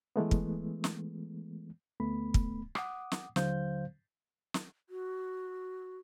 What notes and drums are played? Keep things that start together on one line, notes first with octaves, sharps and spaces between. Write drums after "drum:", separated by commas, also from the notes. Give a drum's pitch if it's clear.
E3 G#3 A3 B3
drum: kick
drum: snare
D2 A3 B3 B5
drum: kick
F#5 D6 D#6, drum: rim click
drum: snare
D#2 D3 F#3 C5 F5 G6, drum: snare
drum: snare
F#4